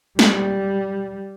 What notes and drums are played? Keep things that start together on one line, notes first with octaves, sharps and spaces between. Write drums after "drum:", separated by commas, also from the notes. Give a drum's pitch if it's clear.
G3, drum: snare